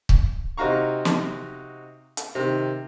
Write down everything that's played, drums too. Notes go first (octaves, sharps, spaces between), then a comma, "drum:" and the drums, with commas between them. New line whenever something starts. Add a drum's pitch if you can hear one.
drum: kick
C3 D#4 F#4 F5 A#5 C#6
drum: snare
drum: hi-hat
C3 D#3